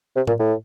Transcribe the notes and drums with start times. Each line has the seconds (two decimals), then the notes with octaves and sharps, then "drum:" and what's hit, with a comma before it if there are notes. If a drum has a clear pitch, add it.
0.16 C3
0.27 A#2, drum: tom A2
0.39 A2